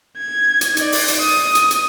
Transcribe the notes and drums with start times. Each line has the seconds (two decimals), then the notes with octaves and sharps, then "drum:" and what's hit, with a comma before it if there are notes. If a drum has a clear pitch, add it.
0.18 G#6
0.61 drum: hi-hat
0.77 D#4 D5, drum: hi-hat
0.92 drum: open hi-hat
1.08 drum: hi-hat
1.20 D#6
1.55 drum: hi-hat
1.71 drum: hi-hat